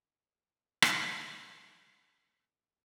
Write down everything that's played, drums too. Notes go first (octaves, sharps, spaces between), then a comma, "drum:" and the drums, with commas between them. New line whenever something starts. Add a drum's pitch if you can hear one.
D#6
drum: rim click
G#3 G#5
A3 A4